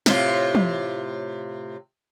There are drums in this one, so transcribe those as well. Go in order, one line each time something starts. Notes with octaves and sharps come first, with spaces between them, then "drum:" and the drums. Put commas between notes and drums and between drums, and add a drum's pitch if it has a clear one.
A2 C3 F4, drum: snare
drum: tom